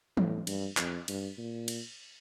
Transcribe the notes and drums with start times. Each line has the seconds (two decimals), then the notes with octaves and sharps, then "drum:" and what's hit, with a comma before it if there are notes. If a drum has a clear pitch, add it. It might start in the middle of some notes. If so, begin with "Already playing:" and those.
0.17 A2, drum: tom E3
0.47 G2, drum: cymbal
0.77 F2, drum: clap
1.08 G2, drum: cymbal
1.38 A#2
1.68 drum: cymbal